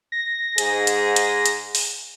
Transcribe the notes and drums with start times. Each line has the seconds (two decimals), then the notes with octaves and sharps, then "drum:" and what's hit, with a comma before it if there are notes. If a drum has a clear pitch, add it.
0.12 A#6
0.58 G#2 G#4, drum: hi-hat
0.87 drum: hi-hat
1.16 drum: hi-hat
1.46 drum: hi-hat
1.75 drum: open hi-hat